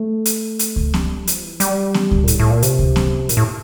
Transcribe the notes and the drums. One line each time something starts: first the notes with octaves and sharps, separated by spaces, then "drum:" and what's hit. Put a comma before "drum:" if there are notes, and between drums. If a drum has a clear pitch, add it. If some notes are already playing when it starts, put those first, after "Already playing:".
Already playing: A3
drum: hi-hat
drum: hi-hat
drum: kick C#2
G3, drum: snare B3
F3, drum: hi-hat
E3
G3, drum: hi-hat
drum: snare B3
drum: kick C#2
A#2
A2, drum: hi-hat
A2
A#2
C3, drum: hi-hat
drum: kick C#2
drum: snare B3
A#2, drum: hi-hat
A2